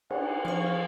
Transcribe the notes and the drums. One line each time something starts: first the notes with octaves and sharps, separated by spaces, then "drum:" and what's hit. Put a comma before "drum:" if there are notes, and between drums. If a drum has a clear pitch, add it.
F#5, drum: cymbal
F3 C4 F5 C#6